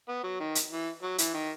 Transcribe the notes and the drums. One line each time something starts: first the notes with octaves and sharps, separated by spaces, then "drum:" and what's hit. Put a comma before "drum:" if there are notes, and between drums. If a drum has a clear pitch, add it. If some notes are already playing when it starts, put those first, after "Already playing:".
B3
F#3
D#3
drum: hi-hat
E3
F#3
E3, drum: hi-hat
D#3